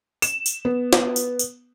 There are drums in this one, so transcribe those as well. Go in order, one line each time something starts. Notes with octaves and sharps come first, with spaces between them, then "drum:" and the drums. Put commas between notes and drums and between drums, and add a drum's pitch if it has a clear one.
E7, drum: tambourine
drum: tambourine
B3
drum: snare
drum: tambourine
drum: tambourine